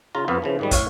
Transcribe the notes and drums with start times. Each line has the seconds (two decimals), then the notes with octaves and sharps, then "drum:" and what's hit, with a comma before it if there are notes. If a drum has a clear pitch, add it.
0.15 C#3 F4 A#5
0.28 F2 B3 F5
0.42 C#3 E3 F3
0.59 G#2 D#3 G3
0.71 A2 C#5 F5, drum: kick, hi-hat